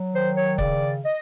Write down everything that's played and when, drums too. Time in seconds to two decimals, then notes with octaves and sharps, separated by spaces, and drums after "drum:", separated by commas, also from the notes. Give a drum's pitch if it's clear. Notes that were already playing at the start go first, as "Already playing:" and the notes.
Already playing: F#3
0.12 D#3 C5
0.36 C#5
0.58 C#3 D5, drum: kick C#1
1.04 D#5